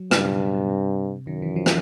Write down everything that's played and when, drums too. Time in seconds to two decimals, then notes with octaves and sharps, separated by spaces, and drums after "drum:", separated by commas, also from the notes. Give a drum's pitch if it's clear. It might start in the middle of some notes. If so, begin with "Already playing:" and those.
Already playing: F#3
0.11 G2 C#3, drum: rim click
0.26 B2
0.40 B2
0.55 B2
0.69 C3
1.27 F#2 D#3
1.42 E3
1.56 F3
1.66 drum: rim click